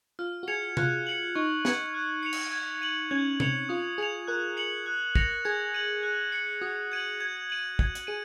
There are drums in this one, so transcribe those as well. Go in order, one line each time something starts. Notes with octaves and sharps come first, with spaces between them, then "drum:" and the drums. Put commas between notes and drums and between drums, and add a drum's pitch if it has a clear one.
F4 F6
F#4
G#4 G#6 C#7 F7
F4 F#6, drum: tom C3
C#7 F#7
D#4 C#6
G#6 C#7, drum: snare
F#6
C#7 F7
drum: cymbal
G#6
D#7 F#7
C#4 G#6
C4 C#7 F7, drum: tom C3
F4 D#6
G#4 G#6 C#7 F7
A#4 F#6
C#7 F#7
F#6
A#6 C#7 F7, drum: kick
G#4 G#6
D#7 F#7
F#6
C#7 F#7
F#4 D#6
G#6 D#7 F#7
G#6
D#7 F#7
G#6, drum: kick
drum: hi-hat
G#4 D#7